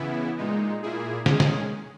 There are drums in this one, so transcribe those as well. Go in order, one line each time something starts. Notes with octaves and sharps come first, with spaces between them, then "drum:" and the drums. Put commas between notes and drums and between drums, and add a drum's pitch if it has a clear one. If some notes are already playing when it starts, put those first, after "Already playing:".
Already playing: C#3 E3 B3 E4
A#2 G#3 D#4
A#2 A#3 E4 G#4
D#3 G#3 C#4 G#4, drum: snare
drum: snare